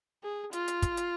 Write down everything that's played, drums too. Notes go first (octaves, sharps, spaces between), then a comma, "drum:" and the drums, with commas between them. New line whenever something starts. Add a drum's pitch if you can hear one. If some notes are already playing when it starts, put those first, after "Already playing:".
G#4
F4, drum: hi-hat
drum: hi-hat
drum: kick, hi-hat
drum: hi-hat